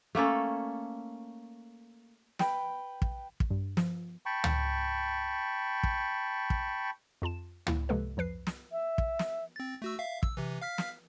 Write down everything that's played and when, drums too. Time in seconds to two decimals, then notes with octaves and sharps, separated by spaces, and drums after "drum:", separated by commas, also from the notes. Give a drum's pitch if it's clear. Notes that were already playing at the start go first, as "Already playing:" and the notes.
0.15 A3 A#3 C#4 A4
2.39 B4 G5, drum: snare
3.02 drum: kick
3.40 drum: kick
3.50 G2
3.77 F3, drum: snare
4.26 G5 A5 B5 C#6
4.44 drum: tom C#2
5.83 drum: kick
6.50 drum: kick
7.22 F2 F4 A5 E7
7.67 A#3 E4, drum: tom C#2
7.89 C3 F3 G#3 A#3 A4 B4
8.17 F2 F3 B4 C7
8.47 drum: snare
8.72 E5
8.98 drum: kick
9.19 drum: snare
9.56 C4 A6
9.82 A3 F#4 E6
9.99 E5 F5
10.23 E6, drum: kick
10.37 C3 E3
10.62 F5 F6 B6
10.78 drum: snare